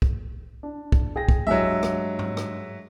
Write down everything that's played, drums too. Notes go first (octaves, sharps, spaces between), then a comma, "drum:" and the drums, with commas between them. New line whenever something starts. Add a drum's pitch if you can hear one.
drum: kick
D4
drum: kick
G#4 G5 A#6
drum: kick
G2 F#3 G#3 E5
drum: rim click
drum: tom G#2
drum: rim click